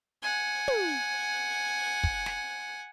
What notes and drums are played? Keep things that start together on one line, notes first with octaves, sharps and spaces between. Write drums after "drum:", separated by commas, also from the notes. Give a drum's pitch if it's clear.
F#5 G#5
drum: tom
drum: kick
drum: snare